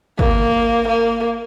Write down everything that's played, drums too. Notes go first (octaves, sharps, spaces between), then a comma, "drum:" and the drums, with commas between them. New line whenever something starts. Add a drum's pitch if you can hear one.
A#3, drum: kick
A#3